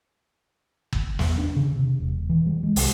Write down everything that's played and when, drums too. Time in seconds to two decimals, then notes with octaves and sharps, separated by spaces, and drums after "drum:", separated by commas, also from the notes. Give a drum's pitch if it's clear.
0.93 drum: kick
1.19 E2, drum: snare
1.38 D4
1.56 C#3
1.76 C3
2.00 E1
2.29 E3
2.46 G3
2.63 G#3
2.76 C2, drum: open hi-hat